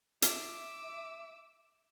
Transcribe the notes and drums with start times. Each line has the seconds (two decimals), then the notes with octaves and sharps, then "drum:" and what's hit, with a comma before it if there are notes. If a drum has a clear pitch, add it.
0.22 E5 D6 E6, drum: hi-hat